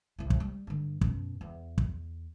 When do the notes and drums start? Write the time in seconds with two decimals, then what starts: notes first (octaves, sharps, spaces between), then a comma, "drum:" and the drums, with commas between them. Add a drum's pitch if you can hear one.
0.19 C2 E4
0.30 drum: kick
0.40 G3
0.67 G2 D3
1.01 F#2 B2, drum: kick
1.41 E2
1.78 drum: kick